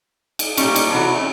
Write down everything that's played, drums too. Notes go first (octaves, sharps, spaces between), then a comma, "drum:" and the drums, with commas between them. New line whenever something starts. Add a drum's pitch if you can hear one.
drum: cymbal
A#2 G3 A3 A#3 C#4, drum: cymbal
drum: cymbal
C3 E3 F#4
A3 C4 C#4